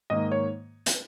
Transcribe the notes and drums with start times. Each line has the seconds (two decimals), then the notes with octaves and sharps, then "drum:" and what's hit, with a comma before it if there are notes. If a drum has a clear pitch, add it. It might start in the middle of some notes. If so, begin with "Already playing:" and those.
0.10 G#2 D#3 A#3 D#5
0.32 C#5
0.86 drum: hi-hat